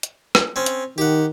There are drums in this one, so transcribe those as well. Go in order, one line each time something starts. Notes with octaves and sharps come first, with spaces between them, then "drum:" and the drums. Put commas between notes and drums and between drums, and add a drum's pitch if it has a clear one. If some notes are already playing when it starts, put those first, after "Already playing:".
drum: hi-hat
drum: rim click
C4 C#4
drum: hi-hat
D#3 G4 F#5